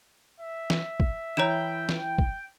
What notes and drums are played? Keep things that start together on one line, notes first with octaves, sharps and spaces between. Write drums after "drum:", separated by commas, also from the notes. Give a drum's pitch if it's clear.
E5
drum: snare
drum: kick
E3 E4 C#5 G5 A#5 E7
drum: snare
drum: kick